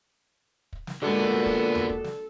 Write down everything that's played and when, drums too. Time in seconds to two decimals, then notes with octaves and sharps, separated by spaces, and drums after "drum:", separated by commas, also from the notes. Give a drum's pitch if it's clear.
0.73 drum: kick
0.87 drum: snare
1.02 A#2 D3 G#3 B3 D4 F#4 A4
1.46 drum: kick
1.75 drum: tom E2
1.90 drum: kick
2.04 drum: snare